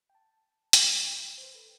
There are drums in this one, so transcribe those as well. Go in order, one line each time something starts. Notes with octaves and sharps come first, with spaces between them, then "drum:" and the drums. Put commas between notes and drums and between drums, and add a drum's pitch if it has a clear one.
G5
A5
drum: hi-hat
B5
G5
C5
B4
A4